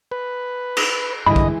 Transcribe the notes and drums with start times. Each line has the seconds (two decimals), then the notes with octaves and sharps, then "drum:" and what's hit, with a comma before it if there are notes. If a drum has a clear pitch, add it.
0.12 B4
0.77 drum: cymbal
1.26 G2 D3 E3 G#3 D#5 B5
1.36 drum: kick A#1